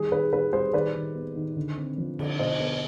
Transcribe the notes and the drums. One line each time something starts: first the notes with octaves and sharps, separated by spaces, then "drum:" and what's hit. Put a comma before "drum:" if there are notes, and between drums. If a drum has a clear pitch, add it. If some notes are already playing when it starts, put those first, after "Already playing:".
Already playing: D#3 G3 G#4
D#3 B4
D#3 B4
G3 G#4 C5
D#3 B4 D5
D#3
B3
D#3
D3
C4
F3
D3, drum: cymbal
B2 C5 D#5
B3